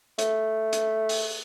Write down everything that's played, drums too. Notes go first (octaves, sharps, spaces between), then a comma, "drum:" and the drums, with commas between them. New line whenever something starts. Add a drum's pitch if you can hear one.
A3, drum: hi-hat
drum: hi-hat
drum: open hi-hat